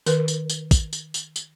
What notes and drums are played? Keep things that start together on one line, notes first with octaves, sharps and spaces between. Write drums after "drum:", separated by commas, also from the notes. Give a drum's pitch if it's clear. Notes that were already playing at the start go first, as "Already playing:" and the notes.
D#3 A#4 B4, drum: tambourine
drum: tambourine
drum: tambourine
drum: kick, tambourine
drum: tambourine
drum: tambourine
drum: tambourine